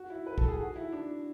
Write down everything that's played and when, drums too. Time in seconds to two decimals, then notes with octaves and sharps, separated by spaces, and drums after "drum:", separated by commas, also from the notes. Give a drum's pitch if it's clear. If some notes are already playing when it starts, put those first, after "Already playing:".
Already playing: F#4
0.10 E4
0.26 B4
0.38 A4, drum: kick
0.48 G#4
0.59 F#4
0.76 E4
0.92 D4